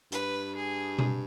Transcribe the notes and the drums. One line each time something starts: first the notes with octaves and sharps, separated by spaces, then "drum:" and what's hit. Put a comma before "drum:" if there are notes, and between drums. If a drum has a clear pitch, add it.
G2 B4, drum: hi-hat
G#4
drum: tom B2